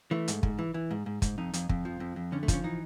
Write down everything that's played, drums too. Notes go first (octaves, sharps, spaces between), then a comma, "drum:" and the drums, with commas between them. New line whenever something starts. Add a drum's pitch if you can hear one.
E3 A3
G#2, drum: hi-hat
G#2, drum: kick
E3
E3
G#2
G#2
G#2, drum: kick, hi-hat
F2 D#4
F2, drum: hi-hat
F2, drum: kick
F3
F2
F2
D3 C#4
A3
F3, drum: kick, hi-hat
C#4
E3 D#4